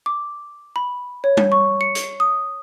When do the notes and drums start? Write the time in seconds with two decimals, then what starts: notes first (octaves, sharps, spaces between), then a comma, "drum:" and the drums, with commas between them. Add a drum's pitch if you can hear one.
0.06 D6
0.76 B5
1.24 C#5
1.37 drum: tom G3
1.52 C#6
1.81 C#7
1.95 drum: hi-hat
2.20 D#6